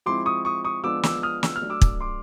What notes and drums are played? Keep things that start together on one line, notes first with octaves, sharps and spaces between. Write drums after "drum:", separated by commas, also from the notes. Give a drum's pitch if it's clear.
F3 G#3 C4 E4 C6 D6
C#6 D#6
C#6 D#6
C#6 D#6
F3 G#3 B3 D4 D6 E6
D6 E6, drum: snare
D#6 F6
E6, drum: snare
F6
F#3 A3 D4
D6 E6
drum: kick
C6 D6